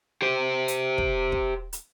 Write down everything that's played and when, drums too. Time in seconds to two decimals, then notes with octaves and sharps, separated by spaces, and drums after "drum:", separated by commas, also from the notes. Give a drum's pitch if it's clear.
0.22 G4 C5
0.68 drum: hi-hat
0.98 drum: kick
1.32 drum: kick
1.73 drum: hi-hat